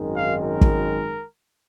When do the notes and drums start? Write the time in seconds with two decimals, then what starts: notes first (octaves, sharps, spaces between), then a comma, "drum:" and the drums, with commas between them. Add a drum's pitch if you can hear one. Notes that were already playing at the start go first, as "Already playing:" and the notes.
Already playing: G#1 F#2 D#3 G#3 D#4
0.13 F5
0.43 A#4
0.61 drum: kick